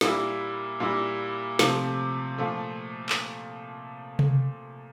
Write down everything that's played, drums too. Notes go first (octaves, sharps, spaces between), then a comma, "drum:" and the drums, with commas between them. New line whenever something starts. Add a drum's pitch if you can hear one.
A#2 G3 A#3 E4, drum: snare
A#2 G3 A#3 E4
C3 F3 A3, drum: snare
A#2 F3 A3
drum: clap
drum: tom C3